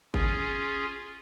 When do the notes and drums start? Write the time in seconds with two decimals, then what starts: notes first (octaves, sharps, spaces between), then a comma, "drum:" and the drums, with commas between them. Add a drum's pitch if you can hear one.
0.14 C#4 F4 G#4, drum: kick G1